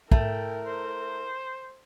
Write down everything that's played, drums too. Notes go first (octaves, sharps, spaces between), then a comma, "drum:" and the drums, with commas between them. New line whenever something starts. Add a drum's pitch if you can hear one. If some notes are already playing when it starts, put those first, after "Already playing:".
A3 E4 A#4 G5, drum: kick
C5